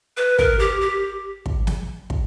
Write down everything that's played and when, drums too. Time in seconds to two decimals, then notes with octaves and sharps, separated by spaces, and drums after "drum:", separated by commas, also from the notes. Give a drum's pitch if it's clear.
0.17 B4
0.39 A#4, drum: kick
0.59 G4
0.81 G4
1.46 drum: kick
1.67 drum: snare
2.10 drum: kick